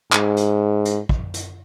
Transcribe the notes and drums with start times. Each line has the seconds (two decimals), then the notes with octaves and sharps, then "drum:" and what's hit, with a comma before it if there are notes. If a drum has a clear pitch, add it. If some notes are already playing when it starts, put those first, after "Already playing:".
0.12 G#2, drum: clap
0.37 drum: hi-hat
0.85 drum: hi-hat
1.09 drum: kick
1.34 drum: hi-hat